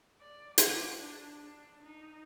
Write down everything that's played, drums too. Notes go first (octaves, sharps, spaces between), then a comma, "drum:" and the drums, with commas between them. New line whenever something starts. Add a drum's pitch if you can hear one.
D5
D6, drum: hi-hat
D4
D4
D#4